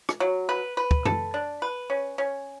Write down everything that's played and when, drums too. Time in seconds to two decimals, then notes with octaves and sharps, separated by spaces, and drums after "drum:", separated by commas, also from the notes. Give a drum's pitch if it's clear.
0.09 drum: rim click
0.20 F#3
0.49 B4
0.77 B4
0.91 drum: kick
1.05 A4, drum: tom F#2
1.34 D4
1.62 B4
1.90 C#4
2.18 C#4